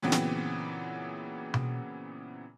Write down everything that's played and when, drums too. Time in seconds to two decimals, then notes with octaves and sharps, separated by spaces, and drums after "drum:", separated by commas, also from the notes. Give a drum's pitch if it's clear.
0.02 A#2 C#3 E3 F#3 B3 C4
0.12 drum: snare
1.54 drum: tom B2